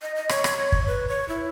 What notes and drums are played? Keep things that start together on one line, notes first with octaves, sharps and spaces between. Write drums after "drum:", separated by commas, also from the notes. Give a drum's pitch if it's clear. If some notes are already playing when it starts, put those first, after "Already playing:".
D#5
D#5
C#5, drum: rim click
drum: rim click
drum: kick
B4
C#5
E4